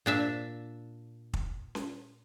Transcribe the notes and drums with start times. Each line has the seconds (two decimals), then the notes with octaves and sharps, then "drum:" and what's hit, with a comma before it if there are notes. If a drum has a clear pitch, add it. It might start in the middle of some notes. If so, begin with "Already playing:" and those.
0.06 A#2 D4 E5
1.33 drum: kick
1.75 drum: snare C#4